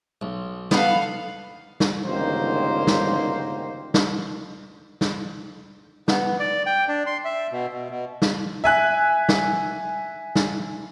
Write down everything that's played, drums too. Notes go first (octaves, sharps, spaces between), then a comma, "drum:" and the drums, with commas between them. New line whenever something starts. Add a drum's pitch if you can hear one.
B1
B3 A4 F5 F#5, drum: snare
drum: snare
G1 C#2 D#3 A#3 C5
drum: snare
drum: snare
drum: snare
B3, drum: snare
D5
G5
D4
C6
E5
B2
B2
B2
drum: snare
E5 G#5 F#6
drum: snare
drum: snare